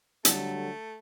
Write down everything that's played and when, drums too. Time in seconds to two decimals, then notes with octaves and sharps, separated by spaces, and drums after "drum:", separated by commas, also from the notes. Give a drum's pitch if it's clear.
0.25 D3 F#3 G3 A3, drum: hi-hat